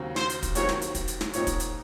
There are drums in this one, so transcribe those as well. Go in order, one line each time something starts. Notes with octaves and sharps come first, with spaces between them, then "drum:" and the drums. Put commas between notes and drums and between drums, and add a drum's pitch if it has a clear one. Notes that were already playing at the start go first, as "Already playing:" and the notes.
Already playing: D#2 C#3 F#3 C4
C5, drum: snare
drum: hi-hat
drum: kick, hi-hat
D#2 D#3 F#3 C4 C#5, drum: hi-hat
drum: snare
drum: hi-hat
drum: kick, hi-hat
drum: hi-hat
drum: snare
C2 A#2 F3 C4 D#4 C#5, drum: hi-hat
drum: kick, hi-hat
drum: hi-hat